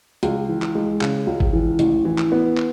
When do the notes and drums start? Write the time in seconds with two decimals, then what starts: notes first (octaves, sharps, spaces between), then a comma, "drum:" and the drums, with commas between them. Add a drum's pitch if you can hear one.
0.23 C#2, drum: hi-hat
0.49 E3
0.62 drum: clap
0.75 G#3
1.01 C#3, drum: clap
1.27 C#2
1.40 drum: kick G#1
1.53 E3
1.79 A1, drum: hi-hat
2.05 E3
2.18 drum: clap
2.32 B3
2.57 drum: clap